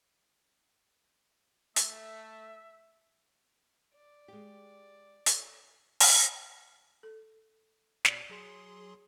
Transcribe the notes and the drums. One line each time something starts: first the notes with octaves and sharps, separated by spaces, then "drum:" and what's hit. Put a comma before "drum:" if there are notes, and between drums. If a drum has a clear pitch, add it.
A3 E5, drum: hi-hat
D5
G#3 G4
A4 C#5, drum: hi-hat
drum: open hi-hat
A4
B2 D5, drum: snare
F#3 G#4 C6